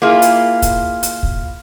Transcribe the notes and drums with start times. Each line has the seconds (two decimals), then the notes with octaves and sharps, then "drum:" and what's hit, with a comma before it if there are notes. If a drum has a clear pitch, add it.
0.02 A#3 E4 F4 G#4
0.22 drum: hi-hat
0.62 drum: kick, hi-hat
1.03 drum: hi-hat
1.23 drum: kick